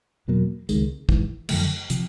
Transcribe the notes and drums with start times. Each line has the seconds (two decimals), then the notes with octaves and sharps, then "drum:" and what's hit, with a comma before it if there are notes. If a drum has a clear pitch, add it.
0.28 E2 B2 F#3 A#3
0.69 C#2 C3 D#3 G#3, drum: tambourine
1.09 A#1 G#2 E3, drum: kick
1.49 F#2 D3 F3 A3, drum: cymbal
1.90 C3 F3, drum: hi-hat